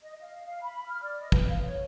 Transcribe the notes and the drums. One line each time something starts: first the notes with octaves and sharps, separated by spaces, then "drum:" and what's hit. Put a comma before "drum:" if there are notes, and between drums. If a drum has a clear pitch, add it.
D#5
F5
F5
B5
F6
D5
D#5
B4, drum: kick
F5
C#5